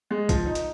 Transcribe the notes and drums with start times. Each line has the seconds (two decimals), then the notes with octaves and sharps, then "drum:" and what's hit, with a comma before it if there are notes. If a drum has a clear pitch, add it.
0.11 G#3
0.29 F3, drum: kick, hi-hat
0.46 D#4
0.55 drum: hi-hat